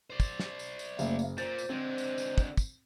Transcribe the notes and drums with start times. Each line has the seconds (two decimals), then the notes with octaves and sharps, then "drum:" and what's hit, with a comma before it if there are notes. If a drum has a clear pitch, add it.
0.10 C5 D5
0.20 drum: kick, tambourine
0.40 drum: snare
0.59 drum: tambourine
0.79 drum: tambourine
0.99 F#1 A3 A#3, drum: tambourine
1.19 drum: tambourine
1.38 A#2 C5 A6, drum: tambourine
1.58 drum: tambourine
1.69 D3 G#3 C4
1.98 drum: tambourine
2.18 drum: tambourine
2.38 drum: kick, tambourine
2.57 drum: kick, tambourine